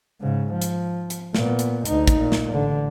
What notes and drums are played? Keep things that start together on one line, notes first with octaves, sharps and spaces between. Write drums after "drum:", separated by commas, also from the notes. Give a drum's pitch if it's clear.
G#2 C#3
F3
drum: hi-hat
drum: hi-hat
A#2 B3, drum: snare
drum: hi-hat
D2 D#4, drum: hi-hat
drum: kick, hi-hat
A#2
drum: snare
A1 D3